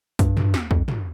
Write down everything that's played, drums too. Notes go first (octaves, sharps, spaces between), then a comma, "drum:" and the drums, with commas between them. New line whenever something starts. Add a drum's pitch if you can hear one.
G2, drum: kick, hi-hat
drum: tom
drum: snare
F2, drum: kick
drum: tom